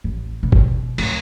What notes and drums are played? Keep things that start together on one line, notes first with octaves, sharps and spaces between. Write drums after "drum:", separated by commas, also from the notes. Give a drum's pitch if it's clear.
A1
B2
drum: kick
D1, drum: cymbal